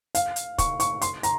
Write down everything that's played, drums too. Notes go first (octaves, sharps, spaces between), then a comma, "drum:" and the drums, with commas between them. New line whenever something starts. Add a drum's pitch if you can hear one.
F5, drum: hi-hat
drum: hi-hat
C#6, drum: kick, hi-hat
C#6, drum: hi-hat
C6, drum: hi-hat
A#5, drum: hi-hat